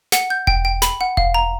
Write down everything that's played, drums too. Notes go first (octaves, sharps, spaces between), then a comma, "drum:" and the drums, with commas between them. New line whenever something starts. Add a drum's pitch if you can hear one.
F#5, drum: snare
G6
G5, drum: kick E1
G5
B5, drum: snare
F#5
F5, drum: kick E1
A#5